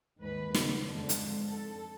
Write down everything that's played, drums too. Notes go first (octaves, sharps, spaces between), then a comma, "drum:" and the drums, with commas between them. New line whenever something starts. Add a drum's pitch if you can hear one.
D#2 G#2 B4
C#3 B3, drum: snare
F2 G#2 D3
drum: hi-hat
A4